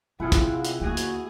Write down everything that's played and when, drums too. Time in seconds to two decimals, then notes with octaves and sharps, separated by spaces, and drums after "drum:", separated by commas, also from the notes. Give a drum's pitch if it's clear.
0.20 C3 C4 E4 F4 G#4 F#5
0.32 drum: kick, hi-hat
0.65 drum: hi-hat
0.81 D2 A#3 F#4 G#4
0.97 drum: hi-hat